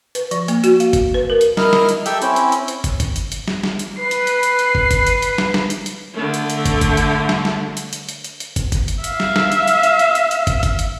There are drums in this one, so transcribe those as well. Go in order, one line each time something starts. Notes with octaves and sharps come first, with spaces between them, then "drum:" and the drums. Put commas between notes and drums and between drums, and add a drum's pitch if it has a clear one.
B4, drum: hi-hat
F3, drum: hi-hat
A#3, drum: hi-hat
F#4, drum: hi-hat
F5, drum: hi-hat
drum: kick, hi-hat
B4
A#4
drum: hi-hat
E4 A#4 D#5 F6, drum: snare
drum: snare
drum: hi-hat
G4 A4 E5 G5 E6, drum: hi-hat
C4 C#4 E4, drum: hi-hat
drum: hi-hat
drum: hi-hat
drum: hi-hat
drum: kick, hi-hat
drum: kick, hi-hat
drum: hi-hat
drum: hi-hat
drum: snare
drum: snare
drum: hi-hat
B4 C7
drum: hi-hat
drum: hi-hat
drum: hi-hat
drum: hi-hat
drum: kick
drum: kick, hi-hat
drum: hi-hat
drum: hi-hat
drum: snare
drum: snare
drum: hi-hat
drum: hi-hat
D3 A3
drum: hi-hat
drum: hi-hat
drum: kick, hi-hat
drum: kick, hi-hat
drum: hi-hat
drum: snare
drum: snare
drum: hi-hat
drum: hi-hat
drum: hi-hat
drum: hi-hat
drum: hi-hat
drum: kick, hi-hat
drum: kick, hi-hat
drum: hi-hat
E5 F5, drum: hi-hat
drum: snare
drum: snare
drum: hi-hat
drum: hi-hat
drum: hi-hat
drum: hi-hat
drum: hi-hat
drum: hi-hat
drum: kick, hi-hat
drum: kick, hi-hat
drum: hi-hat